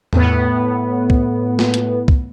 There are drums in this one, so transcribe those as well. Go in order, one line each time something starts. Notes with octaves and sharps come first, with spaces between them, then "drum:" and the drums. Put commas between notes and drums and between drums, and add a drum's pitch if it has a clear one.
A2 B3, drum: tom E2
drum: kick C2
drum: snare
drum: hi-hat
drum: kick C2